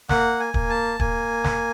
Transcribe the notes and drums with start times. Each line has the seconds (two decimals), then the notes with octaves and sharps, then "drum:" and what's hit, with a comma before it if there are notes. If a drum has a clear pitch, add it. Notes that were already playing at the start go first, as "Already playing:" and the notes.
0.09 A#3 F#5, drum: snare
0.40 G#5
0.54 A#3, drum: kick
0.69 A5
1.00 A#3 G#5, drum: kick
1.44 drum: snare